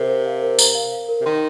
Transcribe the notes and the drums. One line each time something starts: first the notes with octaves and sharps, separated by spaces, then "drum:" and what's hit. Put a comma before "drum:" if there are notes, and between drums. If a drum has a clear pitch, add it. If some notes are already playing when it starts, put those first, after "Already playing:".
Already playing: C3 A#4 C5
F5
F5
A#4
A#5, drum: tambourine
F5
F5
A#4
C3
D#3 C6